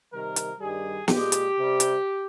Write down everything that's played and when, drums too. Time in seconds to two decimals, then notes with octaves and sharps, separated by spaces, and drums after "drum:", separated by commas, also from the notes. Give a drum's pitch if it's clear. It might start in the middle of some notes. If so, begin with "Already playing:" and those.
0.12 C3 D#3 G3 A#4
0.36 drum: hi-hat
0.60 G2 D#3 G3 G#4
1.08 A#2 G#3 G4, drum: snare
1.32 drum: hi-hat
1.56 C3 G3
1.80 drum: hi-hat